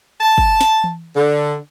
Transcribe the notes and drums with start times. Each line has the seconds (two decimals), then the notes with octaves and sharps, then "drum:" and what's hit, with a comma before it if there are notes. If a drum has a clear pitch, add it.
0.21 A5
0.38 drum: kick
0.61 drum: snare
0.84 drum: tom E3
1.16 D3